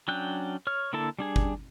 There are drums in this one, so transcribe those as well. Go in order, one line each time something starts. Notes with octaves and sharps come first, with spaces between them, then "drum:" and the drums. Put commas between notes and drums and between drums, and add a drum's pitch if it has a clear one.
F#3 C#4 D4 G5 F#6
C#5 F6
D3 A#3 E4 A4 A5
G3 D4 G#4
drum: kick G1